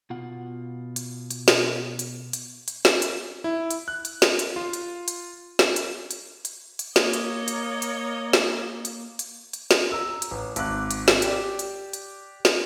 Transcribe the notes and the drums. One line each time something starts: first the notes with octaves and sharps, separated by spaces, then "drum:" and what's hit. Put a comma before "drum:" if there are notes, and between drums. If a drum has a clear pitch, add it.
B2 F4 F#5
drum: hi-hat
drum: hi-hat
drum: snare
drum: hi-hat
drum: hi-hat
drum: hi-hat
drum: snare
drum: hi-hat
E4
drum: hi-hat
F#6
drum: hi-hat
drum: snare
drum: hi-hat
F4
drum: hi-hat
drum: hi-hat
drum: snare
drum: hi-hat
drum: hi-hat
drum: hi-hat
drum: hi-hat
A#3 C#5 D#5, drum: snare
drum: hi-hat
drum: hi-hat
drum: hi-hat
drum: snare
drum: hi-hat
drum: hi-hat
drum: hi-hat
drum: snare
A#5 E6
drum: hi-hat
A1
G#1 D6 F#6, drum: hi-hat
drum: hi-hat
drum: snare
G4 D5, drum: hi-hat
drum: hi-hat
drum: hi-hat
drum: snare